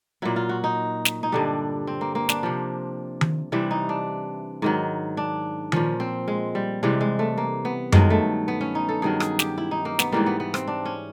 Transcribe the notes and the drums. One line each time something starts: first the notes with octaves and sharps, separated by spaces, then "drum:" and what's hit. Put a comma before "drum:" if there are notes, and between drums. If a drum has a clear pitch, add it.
A#2 F#3 E4
F4
F#4
D#4
drum: snare
D#4
G2 D3 G3 D4
C4
A#3
A#3
D4, drum: snare
C3 F3
drum: tom D#3
C3 E3 G3 E4
D#4
D4
G#2 D#3 F#3
D4
A#2 F3 C#4, drum: tom D#3
C4
G#3
G3
C3 E3 G3 G#3
G#3
A3
A#3
B3
G2 D#3 F#3 G#3, drum: tom F#2
A3
B3
C#4
D#4
A4
G2 D#3 F#3 G#4
G#4, drum: rim click
G4, drum: snare
E4
D#4
A#3
B3, drum: snare
G#2 E3 G3 A#3
B3
B3
C4, drum: rim click
D4
C#4